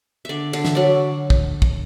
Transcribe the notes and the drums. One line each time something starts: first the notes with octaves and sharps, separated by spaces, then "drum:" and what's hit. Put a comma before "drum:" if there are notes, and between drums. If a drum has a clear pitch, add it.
D3 D5 E5
D3, drum: cymbal
E5, drum: snare
F#3 D5
drum: kick
drum: kick